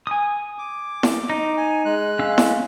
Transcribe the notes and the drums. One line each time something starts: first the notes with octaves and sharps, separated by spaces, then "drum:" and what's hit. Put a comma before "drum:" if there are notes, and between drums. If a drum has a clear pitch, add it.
G#5 D#6
D6
drum: snare E4
D#4
G#5
G#3 F#6
C#4 F5 E6
drum: snare E4